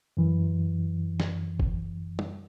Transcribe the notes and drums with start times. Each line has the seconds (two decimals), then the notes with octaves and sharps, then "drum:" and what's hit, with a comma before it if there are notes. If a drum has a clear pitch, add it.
0.17 F#2 E3
1.20 drum: snare
1.60 drum: kick F#1
2.19 drum: tom